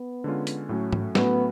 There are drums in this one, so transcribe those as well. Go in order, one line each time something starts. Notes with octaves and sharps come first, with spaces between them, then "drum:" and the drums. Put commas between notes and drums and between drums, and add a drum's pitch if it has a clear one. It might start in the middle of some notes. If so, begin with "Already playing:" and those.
Already playing: B3
D3 G#3 C#4 F4
drum: hi-hat
A2 F#3 A3 C#4 F#4
drum: tom G#2
A2 F#3 A3 B3 C#4 F#4, drum: snare